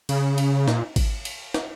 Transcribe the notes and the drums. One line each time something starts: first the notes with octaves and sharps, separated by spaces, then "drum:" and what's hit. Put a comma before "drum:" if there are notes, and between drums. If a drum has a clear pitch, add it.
C#3, drum: cymbal
drum: cymbal
A#2, drum: snare
drum: kick, cymbal
drum: cymbal
drum: snare